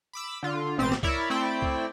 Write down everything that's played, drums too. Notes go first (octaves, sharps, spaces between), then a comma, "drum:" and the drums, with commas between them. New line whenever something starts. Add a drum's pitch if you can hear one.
B5 D6 E6
D3 F4
A1 B2 C4 G4 A6 D#7
drum: snare
E4 A#4 C#5 D5 E5, drum: kick
A3 C4 E4 D5 G5
drum: kick